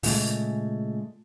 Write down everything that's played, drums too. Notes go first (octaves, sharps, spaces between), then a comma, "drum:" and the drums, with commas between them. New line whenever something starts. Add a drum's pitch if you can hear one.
A#2 C#3 G#3 A3, drum: open hi-hat